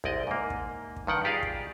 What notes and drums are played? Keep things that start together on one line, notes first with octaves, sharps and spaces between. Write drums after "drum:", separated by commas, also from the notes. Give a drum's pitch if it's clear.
C2 G#3 D5 D#5, drum: kick
G#2 A#3
drum: kick
drum: kick
G2 D#3 F#5 G5
F4 G4 G#4 D5 D#5 F5
drum: kick